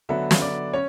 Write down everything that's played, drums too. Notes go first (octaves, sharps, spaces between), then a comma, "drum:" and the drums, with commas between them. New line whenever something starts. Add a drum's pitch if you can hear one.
D3 F#3 B3 E5
drum: snare
D5
C#4 C#5